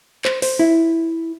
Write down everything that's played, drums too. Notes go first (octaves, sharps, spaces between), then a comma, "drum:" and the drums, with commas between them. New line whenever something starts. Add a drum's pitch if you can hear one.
C5, drum: clap
C5, drum: open hi-hat
E4